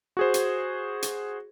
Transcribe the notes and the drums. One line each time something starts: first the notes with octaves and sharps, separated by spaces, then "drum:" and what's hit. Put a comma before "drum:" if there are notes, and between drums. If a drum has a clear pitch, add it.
F#4 G#4 C5
drum: hi-hat
drum: hi-hat